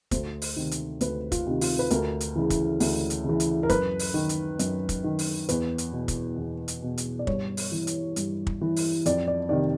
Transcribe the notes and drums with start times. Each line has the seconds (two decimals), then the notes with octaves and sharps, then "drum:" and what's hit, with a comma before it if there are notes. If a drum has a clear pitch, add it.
0.11 D2 C5, drum: kick, hi-hat
0.42 drum: open hi-hat
0.56 C3 D#3
0.71 drum: hi-hat
1.01 D2 B4, drum: hi-hat
1.32 F4, drum: kick, hi-hat
1.46 C3 D#3
1.61 F4, drum: open hi-hat
1.79 B4
1.90 D2 A#4, drum: hi-hat
2.20 drum: hi-hat
2.36 C#3 E3
2.50 drum: kick, hi-hat
2.80 D2, drum: open hi-hat
3.10 drum: hi-hat
3.24 C#3 E3
3.40 drum: hi-hat
3.63 A#4
3.69 F#2 B4, drum: kick, hi-hat
3.99 drum: open hi-hat
4.14 D#3
4.29 drum: hi-hat
4.59 F#2, drum: hi-hat
4.89 drum: kick, hi-hat
5.04 D#3
5.19 drum: open hi-hat
5.49 E2 B4, drum: hi-hat
5.78 drum: hi-hat
5.93 B2
6.08 drum: kick, hi-hat
6.38 E2
6.68 drum: hi-hat
6.83 B2
6.98 drum: hi-hat
7.19 D5
7.27 G2 C#5, drum: kick
7.57 drum: open hi-hat
7.72 E3
7.87 drum: hi-hat
8.16 G2, drum: hi-hat
8.47 drum: kick
8.61 E3
8.76 drum: open hi-hat
9.06 F2 D5, drum: hi-hat
9.28 D5
9.49 C3 D#3 D5